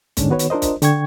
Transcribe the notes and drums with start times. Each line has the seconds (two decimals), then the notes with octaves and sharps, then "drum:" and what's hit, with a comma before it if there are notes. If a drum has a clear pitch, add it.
0.17 D#2 G#2 D3 C#4 D4, drum: kick, hi-hat
0.29 D#3 B3 F#4 B4 C#5
0.39 drum: hi-hat
0.50 D4 F4 A#4 C5 D#5
0.62 drum: kick, hi-hat
0.82 D3 G5 C#6 G#6, drum: hi-hat